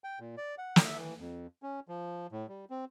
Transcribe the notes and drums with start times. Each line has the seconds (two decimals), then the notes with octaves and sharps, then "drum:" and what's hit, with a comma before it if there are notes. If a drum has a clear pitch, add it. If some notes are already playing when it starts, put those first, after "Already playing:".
0.04 G5
0.20 A#2
0.37 D5
0.58 F#5
0.76 drum: snare
0.85 E5
0.98 E3
1.20 F2
1.63 C#4
1.88 F3
2.32 A2
2.48 G3
2.70 C4